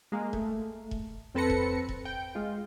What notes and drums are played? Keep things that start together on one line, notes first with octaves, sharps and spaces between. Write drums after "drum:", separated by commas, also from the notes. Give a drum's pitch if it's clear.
G#3 A#3
A3, drum: kick E1
drum: kick E1
F2 C4 A4 B4 A#6 C#7
drum: kick E1
drum: kick E1
G5
G#3 F4